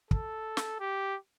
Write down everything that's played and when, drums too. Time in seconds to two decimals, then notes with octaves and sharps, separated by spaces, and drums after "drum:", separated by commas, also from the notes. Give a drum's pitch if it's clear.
0.11 A4, drum: kick
0.57 drum: snare
0.80 G4